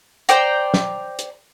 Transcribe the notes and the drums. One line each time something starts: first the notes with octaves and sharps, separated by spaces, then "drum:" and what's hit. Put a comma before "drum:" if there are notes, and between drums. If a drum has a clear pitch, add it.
C5 D5 G5 A#5, drum: hi-hat
drum: snare
drum: hi-hat